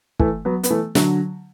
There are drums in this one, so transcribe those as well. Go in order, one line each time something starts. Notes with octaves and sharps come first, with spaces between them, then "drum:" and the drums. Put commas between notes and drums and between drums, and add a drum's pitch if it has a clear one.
E3 A3, drum: kick
F#3 B3
B3, drum: hi-hat
E3 A3
D3 F#3, drum: snare